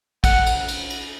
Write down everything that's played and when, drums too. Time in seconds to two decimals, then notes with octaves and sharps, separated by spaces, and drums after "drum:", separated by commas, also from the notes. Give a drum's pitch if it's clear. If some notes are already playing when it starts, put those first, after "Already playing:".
0.24 F#5, drum: kick, cymbal
0.46 drum: cymbal
0.68 drum: cymbal
0.90 drum: cymbal